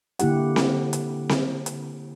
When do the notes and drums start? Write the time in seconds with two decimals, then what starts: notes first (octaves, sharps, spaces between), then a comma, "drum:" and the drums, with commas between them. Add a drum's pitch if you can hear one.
0.19 D3 A#3 E4 G4 F#5, drum: hi-hat
0.56 drum: snare C4
0.93 drum: hi-hat
1.29 drum: snare C4
1.66 drum: hi-hat